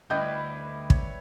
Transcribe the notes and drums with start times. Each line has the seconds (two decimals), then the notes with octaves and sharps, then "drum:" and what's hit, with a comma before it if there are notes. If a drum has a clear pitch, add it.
0.10 D2 G3 E4 B4 D#5 G5 G6
0.90 C#5, drum: kick